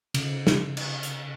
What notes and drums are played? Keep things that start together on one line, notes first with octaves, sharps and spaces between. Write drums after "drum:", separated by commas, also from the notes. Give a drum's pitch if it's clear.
C#3, drum: cymbal
drum: snare
drum: cymbal
drum: hi-hat